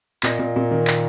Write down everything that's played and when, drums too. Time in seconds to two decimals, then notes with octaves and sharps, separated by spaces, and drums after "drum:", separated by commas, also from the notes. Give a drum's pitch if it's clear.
0.23 A#2 D#5, drum: clap
0.39 A#2
0.56 A#2
0.71 D#3
0.87 drum: clap